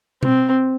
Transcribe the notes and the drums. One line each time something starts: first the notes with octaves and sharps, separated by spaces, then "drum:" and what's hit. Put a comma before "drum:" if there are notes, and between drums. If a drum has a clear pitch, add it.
C4, drum: tom B2